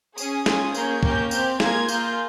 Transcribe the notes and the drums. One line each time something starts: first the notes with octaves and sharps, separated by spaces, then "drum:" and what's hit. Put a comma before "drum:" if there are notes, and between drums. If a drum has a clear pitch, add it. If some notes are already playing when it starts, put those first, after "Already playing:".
C#4 G#4 D#6, drum: tambourine
C#4 F4 G#4, drum: snare
A#3 C#4 G#4 G6, drum: tambourine
A#3 C#4 G4 G6, drum: kick
C4 G4 G6, drum: tambourine
A#3 F4 G#4 G#6, drum: snare
A#3 F4 G#4 G6, drum: tambourine